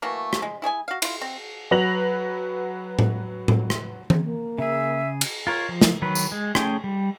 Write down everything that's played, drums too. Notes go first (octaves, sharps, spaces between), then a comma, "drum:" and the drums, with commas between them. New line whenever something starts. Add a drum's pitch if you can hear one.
E3 F#3 A3 A#3
drum: rim click
G#3
E4 G#4 C#5 G#5
F#4 F5
E4 F4, drum: cymbal
C4
F#3 B4 A#6 F7 F#7
drum: tom A2
drum: tom A2
drum: rim click
drum: tom E3
A#3
C#3 G#4 E5
drum: cymbal
F4 A#4 C#5
F3
drum: snare
D#3 F#3 B4
drum: tambourine
G#3
A3 C#4 G#4 G5, drum: rim click
G3